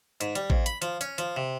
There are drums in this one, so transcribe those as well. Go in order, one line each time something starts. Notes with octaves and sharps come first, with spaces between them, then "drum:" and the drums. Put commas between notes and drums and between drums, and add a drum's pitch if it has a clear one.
G#2, drum: hi-hat
G3, drum: hi-hat
F2, drum: kick A1
B5, drum: hi-hat
F3, drum: hi-hat
C#4, drum: hi-hat
F3, drum: hi-hat
C3